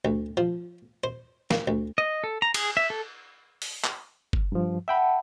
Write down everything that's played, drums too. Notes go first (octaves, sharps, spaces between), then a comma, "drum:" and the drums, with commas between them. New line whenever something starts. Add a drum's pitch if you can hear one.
D2
F3
C5
A#3, drum: snare
D2
D#5
A4
A#5
G#4, drum: cymbal
E5
A4
drum: open hi-hat
drum: clap
drum: kick F#1
G2 F3
E5 F#5 G5 A5 B5